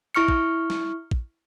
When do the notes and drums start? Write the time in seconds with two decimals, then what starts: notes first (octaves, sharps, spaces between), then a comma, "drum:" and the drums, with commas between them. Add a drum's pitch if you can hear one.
0.15 E4 C#6 F6 C#7
0.28 drum: kick
0.70 drum: snare
1.11 drum: kick